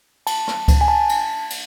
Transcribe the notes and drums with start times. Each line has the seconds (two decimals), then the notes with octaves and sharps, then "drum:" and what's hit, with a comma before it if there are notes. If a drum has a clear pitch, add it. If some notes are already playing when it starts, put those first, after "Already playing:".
0.27 A5, drum: cymbal
0.48 drum: rim click
0.68 drum: kick C#2, cymbal
0.81 G#5
0.88 A5
1.09 drum: cymbal
1.50 drum: cymbal